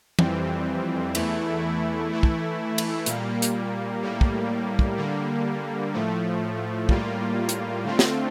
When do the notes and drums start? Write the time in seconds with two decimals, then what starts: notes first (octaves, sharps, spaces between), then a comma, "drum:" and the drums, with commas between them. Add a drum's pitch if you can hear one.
0.19 F2 E3 G3 C4, drum: tom
1.15 E2 E3 A3 E4, drum: cymbal
2.11 E3 A3 E4
2.23 drum: kick
2.78 drum: cymbal
3.06 A#2 G3 A#3, drum: hi-hat
3.42 drum: hi-hat
4.02 A2 G3 A#3
4.21 drum: kick
4.79 drum: kick
4.97 D3 G3 A#3
5.94 A2 F3 A3
6.89 A2 G3 A#3 F4, drum: kick
7.49 drum: hi-hat
7.85 D3 A3 C4 F4
7.99 drum: snare